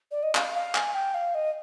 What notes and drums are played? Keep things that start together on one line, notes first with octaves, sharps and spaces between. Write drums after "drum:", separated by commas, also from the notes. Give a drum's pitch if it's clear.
D5
D#5
F5, drum: clap
F5
G#5, drum: clap
G5
F5
D#5